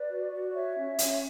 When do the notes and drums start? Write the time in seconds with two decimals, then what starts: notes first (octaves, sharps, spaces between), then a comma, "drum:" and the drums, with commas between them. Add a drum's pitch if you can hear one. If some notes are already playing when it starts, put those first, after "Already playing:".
Already playing: B4 D5
0.08 F#4
0.31 F#4
0.54 C#5 E5
0.76 C#4
0.99 C#4, drum: hi-hat